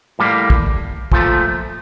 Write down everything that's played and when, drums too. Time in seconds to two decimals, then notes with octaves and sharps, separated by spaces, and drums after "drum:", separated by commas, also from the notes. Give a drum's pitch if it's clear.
0.19 A2 G3 A#3
0.50 drum: kick
1.12 A#2 F3 A3, drum: kick